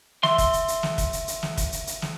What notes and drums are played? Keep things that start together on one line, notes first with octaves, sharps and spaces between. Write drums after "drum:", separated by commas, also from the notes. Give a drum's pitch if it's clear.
E5 C6, drum: snare
drum: kick, hi-hat
drum: hi-hat
drum: hi-hat
drum: snare
drum: kick, hi-hat
drum: hi-hat
drum: hi-hat
drum: snare
drum: kick, hi-hat
drum: hi-hat
drum: hi-hat
drum: snare